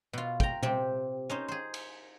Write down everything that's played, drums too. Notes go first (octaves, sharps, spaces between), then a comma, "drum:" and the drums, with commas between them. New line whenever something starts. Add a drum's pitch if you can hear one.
B2 F4
G5 A#5, drum: kick
C3 C4 G4, drum: tom A#2
C#4 D#4 C5
G#4 C5
drum: cymbal